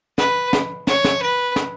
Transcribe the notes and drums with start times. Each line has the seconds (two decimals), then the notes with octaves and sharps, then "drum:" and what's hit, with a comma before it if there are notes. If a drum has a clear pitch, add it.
0.18 B4, drum: snare
0.53 drum: snare
0.87 C#5, drum: snare
1.04 drum: snare
1.22 B4
1.56 drum: snare